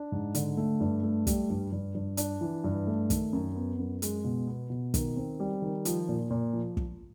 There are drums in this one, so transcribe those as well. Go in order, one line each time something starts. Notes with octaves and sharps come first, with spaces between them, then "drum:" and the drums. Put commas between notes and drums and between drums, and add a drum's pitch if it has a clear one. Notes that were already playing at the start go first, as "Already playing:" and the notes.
Already playing: D4
G#2
D3, drum: hi-hat
A3
G2
A3
G3, drum: kick, hi-hat
G2
G2
G2
D4, drum: hi-hat
E3
G2
A3
D#3, drum: kick, hi-hat
F#2
B3
F#2
G#3, drum: hi-hat
B2
B3
B2
D#3, drum: kick, hi-hat
C4
G3
D#3
F3, drum: hi-hat
A#2
A#2
F3
drum: kick